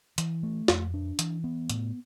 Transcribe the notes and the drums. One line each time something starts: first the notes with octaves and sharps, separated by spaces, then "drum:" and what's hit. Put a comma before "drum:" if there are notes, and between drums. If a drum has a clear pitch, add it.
E3, drum: hi-hat
A3
F2, drum: snare
D4
E3, drum: hi-hat
B3
A2, drum: hi-hat